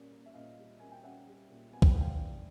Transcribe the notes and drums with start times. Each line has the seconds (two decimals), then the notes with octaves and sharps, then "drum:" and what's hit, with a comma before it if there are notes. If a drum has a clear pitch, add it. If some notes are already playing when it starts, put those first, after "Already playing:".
Already playing: A#2 G3 A#3 C#4 D5
0.12 A#3
0.26 E5
0.34 A#2 D#5 F5
0.58 G3
0.79 A#3 G#5
0.92 G5
1.03 C#4 E5 F#5
1.27 G3
1.50 A#2
1.73 B3 G#5
1.82 G5, drum: kick B1
1.92 F#5
1.96 D4 F5 G5
2.19 D4